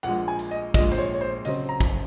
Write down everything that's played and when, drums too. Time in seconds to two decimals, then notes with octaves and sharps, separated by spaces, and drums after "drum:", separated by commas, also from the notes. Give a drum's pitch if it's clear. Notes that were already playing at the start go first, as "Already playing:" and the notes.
0.03 A#1 A#2 G#3 F#5, drum: hi-hat
0.28 G#5
0.39 drum: hi-hat
0.51 D#5
0.74 A#1 A#2 G#3 D#5, drum: kick, hi-hat
0.92 C5, drum: hi-hat
0.98 C#5
1.14 C#5
1.21 C5
1.45 C#3 F#3 C4 D#5, drum: hi-hat
1.69 A#5
1.80 drum: kick, hi-hat